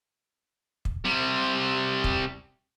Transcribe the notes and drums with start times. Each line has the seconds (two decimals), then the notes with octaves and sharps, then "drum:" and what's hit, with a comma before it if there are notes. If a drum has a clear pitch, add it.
0.85 drum: kick
1.05 C3 G3
2.04 drum: kick